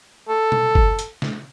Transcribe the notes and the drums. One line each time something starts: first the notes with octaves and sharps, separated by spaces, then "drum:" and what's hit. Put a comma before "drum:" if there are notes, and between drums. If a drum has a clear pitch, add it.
A4
drum: tom B2
drum: kick G1
drum: hi-hat
drum: snare